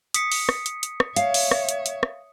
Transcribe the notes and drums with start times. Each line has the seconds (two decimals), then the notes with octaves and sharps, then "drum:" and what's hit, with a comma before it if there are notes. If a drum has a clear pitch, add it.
0.14 D#6 B6 C#7, drum: hi-hat
0.32 drum: open hi-hat
0.49 drum: rim click
0.66 drum: hi-hat
0.83 drum: hi-hat
1.00 drum: rim click
1.16 C#5 E5 F5, drum: hi-hat
1.34 drum: open hi-hat
1.51 drum: rim click
1.69 drum: hi-hat
1.86 drum: hi-hat
2.03 drum: rim click